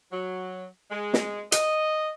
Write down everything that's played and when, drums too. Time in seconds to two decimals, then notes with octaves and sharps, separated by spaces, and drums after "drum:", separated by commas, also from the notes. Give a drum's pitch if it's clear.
0.11 F#3
0.91 G#3
1.14 drum: snare
1.52 D#5, drum: hi-hat